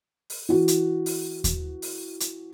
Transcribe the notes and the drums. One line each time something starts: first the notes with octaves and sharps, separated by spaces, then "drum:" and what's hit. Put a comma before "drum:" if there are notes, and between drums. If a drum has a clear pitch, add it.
drum: open hi-hat
E3 F#4
drum: hi-hat
drum: open hi-hat
drum: kick D#2, hi-hat
drum: open hi-hat
drum: hi-hat